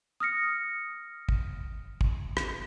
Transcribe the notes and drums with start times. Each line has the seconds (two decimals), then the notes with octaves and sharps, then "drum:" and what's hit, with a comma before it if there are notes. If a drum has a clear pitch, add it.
0.20 D#6 F6 A#6 C#7
1.29 drum: kick
2.01 drum: kick
2.37 drum: rim click